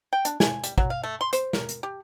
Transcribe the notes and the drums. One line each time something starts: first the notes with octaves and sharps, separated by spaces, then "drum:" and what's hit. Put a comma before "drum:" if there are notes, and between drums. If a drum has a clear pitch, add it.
G5
D4, drum: hi-hat
G#5, drum: snare
G3, drum: hi-hat
F#3, drum: kick
F5
A3
C6
C5, drum: hi-hat
A#4, drum: snare
drum: hi-hat
G4